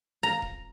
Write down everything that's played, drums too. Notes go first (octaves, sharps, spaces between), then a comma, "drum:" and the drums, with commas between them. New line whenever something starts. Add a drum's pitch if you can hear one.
A#5
drum: kick D#1